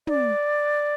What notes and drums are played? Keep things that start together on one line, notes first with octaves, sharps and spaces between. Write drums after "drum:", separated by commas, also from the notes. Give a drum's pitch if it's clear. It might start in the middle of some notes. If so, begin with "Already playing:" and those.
D5, drum: tom